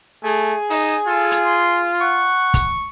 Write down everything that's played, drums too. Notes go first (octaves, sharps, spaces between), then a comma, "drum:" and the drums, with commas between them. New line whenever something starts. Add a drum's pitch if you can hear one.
A3 G#4 G#5
D#4, drum: open hi-hat
F4 A4
drum: hi-hat
C6
F#5 C#6
drum: kick, hi-hat